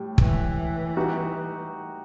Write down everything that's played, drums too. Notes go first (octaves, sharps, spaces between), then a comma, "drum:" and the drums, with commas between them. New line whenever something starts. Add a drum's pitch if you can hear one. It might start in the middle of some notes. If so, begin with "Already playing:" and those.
Already playing: A2 G3
E3, drum: kick
G3 D#4 F#4